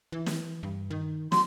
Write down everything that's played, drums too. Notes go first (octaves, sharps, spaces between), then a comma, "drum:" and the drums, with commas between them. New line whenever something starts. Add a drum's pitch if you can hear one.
E3
drum: snare
G2
D#3
F#3 C6, drum: snare